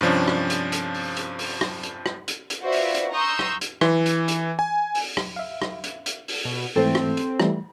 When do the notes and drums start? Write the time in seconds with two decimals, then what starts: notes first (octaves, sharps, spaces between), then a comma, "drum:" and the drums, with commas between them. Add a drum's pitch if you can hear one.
0.01 G2 C3 F3 C#4 D4
0.28 drum: rim click
0.50 drum: hi-hat
0.72 drum: hi-hat
0.94 drum: open hi-hat
1.17 drum: hi-hat
1.39 drum: open hi-hat
1.61 drum: rim click
1.83 drum: hi-hat
2.06 drum: rim click
2.28 drum: hi-hat
2.50 drum: hi-hat
2.61 F4 F#4 B4 C5 D5 E5
2.72 drum: open hi-hat
2.95 drum: hi-hat
3.12 A#5 C6 C#6 D#6 E6 G6
3.39 drum: rim click
3.61 drum: hi-hat
3.81 E3, drum: rim click
4.06 drum: hi-hat
4.28 drum: hi-hat
4.59 G#5
4.95 drum: open hi-hat
5.17 drum: rim click
5.36 E5 F5
5.62 drum: rim click
5.84 drum: hi-hat
6.06 drum: hi-hat
6.28 drum: open hi-hat
6.45 B2
6.76 G#2 E3 A3 C4 A4 C5
6.95 drum: rim click
7.17 drum: hi-hat
7.40 E3 G3 A3, drum: rim click